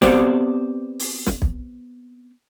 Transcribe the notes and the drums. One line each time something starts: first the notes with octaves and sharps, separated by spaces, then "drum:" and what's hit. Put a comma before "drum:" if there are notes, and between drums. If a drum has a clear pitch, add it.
B3 C4 G4 C5 D5, drum: snare
drum: open hi-hat
drum: snare
drum: kick B1